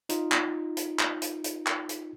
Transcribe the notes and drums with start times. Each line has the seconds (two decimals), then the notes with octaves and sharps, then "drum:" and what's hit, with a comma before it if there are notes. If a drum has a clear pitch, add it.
0.09 D#4 F4, drum: hi-hat
0.32 drum: clap
0.77 drum: hi-hat
0.99 drum: clap
1.22 drum: hi-hat
1.44 drum: hi-hat
1.67 drum: clap
1.89 drum: hi-hat